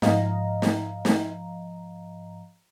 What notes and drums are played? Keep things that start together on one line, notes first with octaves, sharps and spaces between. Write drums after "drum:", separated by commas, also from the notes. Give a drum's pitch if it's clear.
G#2 F3 D#5 F5 A#5, drum: snare
drum: snare
drum: snare